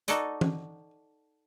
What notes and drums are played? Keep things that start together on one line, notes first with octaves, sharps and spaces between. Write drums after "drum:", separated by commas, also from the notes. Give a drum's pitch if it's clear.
D#4 F#4 A4 D5 D#5, drum: hi-hat
drum: tom E3